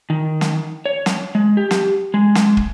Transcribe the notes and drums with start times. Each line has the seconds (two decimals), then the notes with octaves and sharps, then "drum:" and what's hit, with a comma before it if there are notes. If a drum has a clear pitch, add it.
0.10 D#3
0.41 drum: snare
0.86 C#5
1.06 drum: snare
1.35 G#3
1.57 G4
1.71 drum: snare
2.14 G#3
2.35 drum: snare
2.57 drum: kick